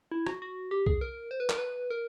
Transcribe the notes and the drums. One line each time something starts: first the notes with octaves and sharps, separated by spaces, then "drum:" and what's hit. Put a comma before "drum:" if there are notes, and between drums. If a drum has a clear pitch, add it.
E4
F#4, drum: rim click
F#4
G4
G#4, drum: kick C2
A#4
C5
B4
A#4, drum: clap
B4
A#4